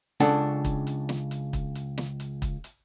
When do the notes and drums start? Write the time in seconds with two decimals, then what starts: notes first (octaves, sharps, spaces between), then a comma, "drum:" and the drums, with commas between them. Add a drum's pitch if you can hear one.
0.20 C#2 C#3 D4 A4 F#5, drum: snare
0.65 drum: kick, hi-hat
0.87 drum: hi-hat
1.09 drum: snare
1.31 drum: hi-hat
1.53 drum: kick, hi-hat
1.75 drum: hi-hat
1.98 drum: snare
2.20 drum: hi-hat
2.42 drum: kick, hi-hat
2.64 drum: hi-hat